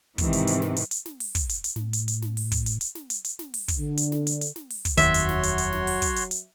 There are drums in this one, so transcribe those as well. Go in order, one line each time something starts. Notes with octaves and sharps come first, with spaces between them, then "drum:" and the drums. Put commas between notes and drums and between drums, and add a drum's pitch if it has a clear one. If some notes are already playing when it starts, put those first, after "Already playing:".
G#2 C3 D#3 E3, drum: kick, hi-hat
drum: hi-hat
drum: hi-hat
drum: snare
drum: hi-hat
drum: hi-hat
drum: snare
drum: open hi-hat
drum: kick, hi-hat
drum: hi-hat
drum: hi-hat
A2, drum: snare
drum: hi-hat
drum: hi-hat
drum: snare
drum: open hi-hat
drum: kick, hi-hat
drum: hi-hat
drum: hi-hat
drum: snare
drum: hi-hat
drum: hi-hat
drum: snare
drum: open hi-hat
drum: kick, hi-hat
D3
drum: hi-hat
drum: snare
drum: hi-hat
drum: hi-hat
drum: snare
drum: open hi-hat
drum: kick, hi-hat
F1 D#2 D#3 F#3 F#4 C#5 E5 C6, drum: hi-hat
drum: hi-hat
drum: snare
drum: hi-hat
drum: hi-hat
drum: snare
drum: open hi-hat
drum: kick, hi-hat
drum: hi-hat
drum: hi-hat